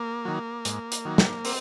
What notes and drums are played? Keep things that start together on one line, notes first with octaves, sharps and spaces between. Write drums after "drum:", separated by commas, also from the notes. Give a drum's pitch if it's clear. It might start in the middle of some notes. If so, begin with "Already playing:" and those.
Already playing: A#3
D#3 F#3
G#2, drum: hi-hat
drum: hi-hat
D#3 F#3
drum: snare
C4, drum: open hi-hat